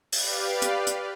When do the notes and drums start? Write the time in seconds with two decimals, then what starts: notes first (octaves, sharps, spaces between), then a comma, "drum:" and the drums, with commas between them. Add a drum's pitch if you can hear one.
0.12 G4 B4 D5 F5, drum: open hi-hat
0.62 drum: hi-hat
0.87 drum: hi-hat